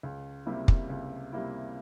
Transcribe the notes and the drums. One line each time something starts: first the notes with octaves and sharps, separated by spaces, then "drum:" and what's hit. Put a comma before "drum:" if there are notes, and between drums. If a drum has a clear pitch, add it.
C#2
C3 G3 A#3 E4
drum: kick
C#2
C3 G3 A#3 E4